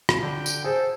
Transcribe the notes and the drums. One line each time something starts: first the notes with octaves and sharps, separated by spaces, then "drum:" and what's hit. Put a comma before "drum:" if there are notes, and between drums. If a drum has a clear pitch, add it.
drum: rim click
D3 G5
drum: tambourine
G#4 A4 C5